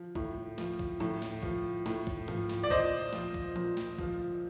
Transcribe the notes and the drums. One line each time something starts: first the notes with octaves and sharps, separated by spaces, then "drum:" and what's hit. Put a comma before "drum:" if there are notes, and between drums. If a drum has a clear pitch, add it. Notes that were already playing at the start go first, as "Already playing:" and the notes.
Already playing: F3
A2, drum: kick
F3, drum: snare
drum: kick
A2, drum: tom F3
drum: snare
F3, drum: kick
A2, drum: snare
drum: kick
F3, drum: tom G#2
drum: snare
D5
A#2 C5 D#5, drum: kick
F3, drum: snare
drum: kick
A#2, drum: tom F3
drum: snare
F3, drum: kick